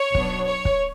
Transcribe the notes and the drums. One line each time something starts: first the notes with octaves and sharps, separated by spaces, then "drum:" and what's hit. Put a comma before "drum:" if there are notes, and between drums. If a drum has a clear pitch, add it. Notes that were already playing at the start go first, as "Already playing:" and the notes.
Already playing: C#5
B1 B2 F#3 B3 D4, drum: kick
C#5
drum: kick